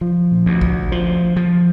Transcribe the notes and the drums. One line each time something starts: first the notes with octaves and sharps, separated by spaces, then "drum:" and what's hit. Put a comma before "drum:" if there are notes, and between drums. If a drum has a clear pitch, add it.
F3
drum: tom A#2
D2
drum: kick G#1
F3
F3